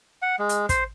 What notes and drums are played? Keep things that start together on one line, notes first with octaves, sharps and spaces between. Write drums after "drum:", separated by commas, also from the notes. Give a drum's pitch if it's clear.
F#5
G#3
drum: hi-hat
C5, drum: kick, hi-hat